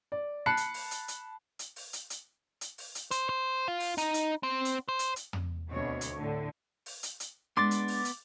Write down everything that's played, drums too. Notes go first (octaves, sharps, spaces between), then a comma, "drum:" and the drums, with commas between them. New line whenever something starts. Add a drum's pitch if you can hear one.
D5
A5 B5 F#6 C7 C#7
drum: hi-hat
drum: open hi-hat
drum: hi-hat
drum: hi-hat
drum: hi-hat
drum: open hi-hat
drum: hi-hat
drum: hi-hat
drum: hi-hat
drum: open hi-hat
drum: hi-hat
C5, drum: hi-hat
C5
F4
drum: open hi-hat
D#4, drum: hi-hat
drum: hi-hat
C4
drum: hi-hat
C5
drum: hi-hat
drum: hi-hat
drum: tom
D2 B2 C4 C#5
drum: hi-hat
A2 D3
drum: open hi-hat
drum: hi-hat
drum: hi-hat
G#3 B3 D4 C6 D6 A6
drum: hi-hat
drum: open hi-hat
drum: hi-hat